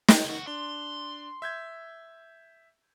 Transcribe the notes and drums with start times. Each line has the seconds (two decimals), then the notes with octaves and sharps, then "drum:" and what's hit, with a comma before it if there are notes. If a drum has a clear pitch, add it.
0.08 drum: snare
0.25 C#2 F#4
0.47 D4 C6
1.42 E5 G6 G#6